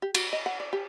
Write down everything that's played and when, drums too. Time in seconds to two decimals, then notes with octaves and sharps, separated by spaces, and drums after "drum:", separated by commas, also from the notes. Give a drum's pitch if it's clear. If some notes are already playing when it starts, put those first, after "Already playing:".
0.02 G4
0.15 F#4, drum: cymbal
0.33 D#5
0.46 F#5
0.60 D5
0.73 G4